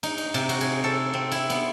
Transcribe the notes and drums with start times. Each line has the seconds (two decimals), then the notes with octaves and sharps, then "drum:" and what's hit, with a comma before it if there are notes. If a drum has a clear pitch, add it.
0.03 D#4, drum: cymbal
0.18 drum: cymbal
0.34 C3, drum: cymbal
0.49 F#4, drum: cymbal
0.61 G#4, drum: cymbal
0.84 A4
1.14 C4
1.32 E4, drum: cymbal
1.50 B3, drum: cymbal